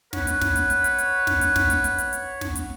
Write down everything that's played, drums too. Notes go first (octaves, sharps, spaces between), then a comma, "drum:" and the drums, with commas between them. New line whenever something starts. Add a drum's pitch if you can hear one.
B4 C#5 F#5, drum: snare
drum: hi-hat
drum: snare
drum: hi-hat
drum: hi-hat
drum: hi-hat
drum: hi-hat
drum: snare
drum: hi-hat
drum: snare
drum: hi-hat
drum: hi-hat
drum: hi-hat
drum: hi-hat
drum: snare
drum: hi-hat